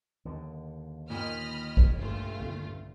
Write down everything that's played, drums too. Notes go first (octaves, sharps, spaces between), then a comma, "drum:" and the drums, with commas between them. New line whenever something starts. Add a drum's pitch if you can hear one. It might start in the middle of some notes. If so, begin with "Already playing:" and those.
D#2 D3
A#2 D#3 D#5 B5 F6
drum: kick G#1
G2 A3 F4
drum: tom